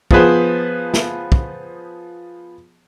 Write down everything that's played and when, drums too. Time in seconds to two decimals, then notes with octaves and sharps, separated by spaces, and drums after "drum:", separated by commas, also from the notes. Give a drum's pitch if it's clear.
0.11 F3 B3 G#4 B4 C5, drum: kick
0.94 drum: snare
1.32 drum: kick